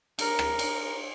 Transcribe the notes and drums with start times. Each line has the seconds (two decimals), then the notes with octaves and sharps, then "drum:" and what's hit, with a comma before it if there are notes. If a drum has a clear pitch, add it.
0.19 A#4, drum: cymbal
0.39 drum: rim click
0.59 drum: cymbal